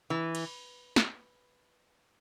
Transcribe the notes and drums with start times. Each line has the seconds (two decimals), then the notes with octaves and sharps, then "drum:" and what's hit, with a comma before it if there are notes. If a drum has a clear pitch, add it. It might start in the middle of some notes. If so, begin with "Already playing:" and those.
0.10 E3
0.35 drum: cymbal
0.96 drum: snare